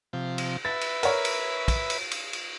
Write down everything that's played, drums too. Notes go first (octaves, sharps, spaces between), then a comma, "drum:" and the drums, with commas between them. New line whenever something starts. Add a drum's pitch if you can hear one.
C3 F3
drum: cymbal
B4 E5 A6
drum: cymbal
A#4 C#5, drum: cymbal
drum: cymbal
drum: kick, cymbal
drum: cymbal
drum: cymbal
drum: cymbal